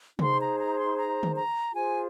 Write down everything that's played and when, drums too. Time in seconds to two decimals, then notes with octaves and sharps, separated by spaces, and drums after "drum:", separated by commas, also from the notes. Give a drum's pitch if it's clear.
0.19 D#4 G#4 C5 C6, drum: tom C3
0.38 A#5
0.57 A#5
0.77 C6
0.96 A#5
1.23 drum: tom D3
1.34 A#5
1.72 F4 G#4 C5 G#5